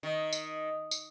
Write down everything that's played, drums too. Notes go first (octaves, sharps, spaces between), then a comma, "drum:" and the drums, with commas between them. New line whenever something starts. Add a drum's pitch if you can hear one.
D#3
drum: tambourine
drum: tambourine